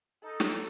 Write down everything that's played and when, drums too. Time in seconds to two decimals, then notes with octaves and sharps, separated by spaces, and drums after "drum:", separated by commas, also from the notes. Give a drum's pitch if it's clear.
0.23 D#4 A4
0.40 drum: snare